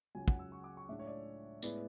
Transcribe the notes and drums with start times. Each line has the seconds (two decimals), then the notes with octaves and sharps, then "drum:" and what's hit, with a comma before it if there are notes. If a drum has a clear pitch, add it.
0.15 C#2 C#3 F#3 C#4 G#5
0.28 F#5, drum: kick
0.39 E6
0.52 C#6
0.64 D6
0.77 C#6
0.89 A2 G#3 D4 E5
0.99 C#5
1.07 D5
1.62 A2 G#3 B3 E4 D5, drum: tambourine